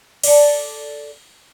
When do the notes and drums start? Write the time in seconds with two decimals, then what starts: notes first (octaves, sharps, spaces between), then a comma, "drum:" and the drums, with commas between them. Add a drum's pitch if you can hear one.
0.24 A4 D5, drum: cymbal